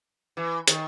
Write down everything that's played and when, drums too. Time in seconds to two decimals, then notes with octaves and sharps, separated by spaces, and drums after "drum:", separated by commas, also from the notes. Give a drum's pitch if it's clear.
0.37 E3
0.68 D#3, drum: hi-hat